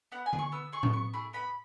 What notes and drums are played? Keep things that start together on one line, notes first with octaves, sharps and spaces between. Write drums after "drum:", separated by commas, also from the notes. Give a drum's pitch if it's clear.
B3 F#5
G#5
G#4, drum: tom D3
C#6
B3 E6
G#4 C#6
drum: tom A2
B3 C#6
E4 G#4
B3 B5